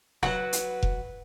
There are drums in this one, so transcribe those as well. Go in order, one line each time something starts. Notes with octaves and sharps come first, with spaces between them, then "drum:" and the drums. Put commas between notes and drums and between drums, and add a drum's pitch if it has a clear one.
F#3 F#4 B4 F#5, drum: snare
drum: hi-hat
drum: kick F1